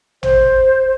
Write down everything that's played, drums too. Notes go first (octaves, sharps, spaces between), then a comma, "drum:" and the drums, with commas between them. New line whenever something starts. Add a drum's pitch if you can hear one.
C5, drum: tom A1